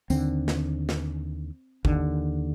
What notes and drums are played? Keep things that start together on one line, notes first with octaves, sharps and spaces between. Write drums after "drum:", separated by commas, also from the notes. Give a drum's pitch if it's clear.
D#2 D3 C4, drum: tambourine
drum: snare
drum: snare
D#2 D3, drum: kick G1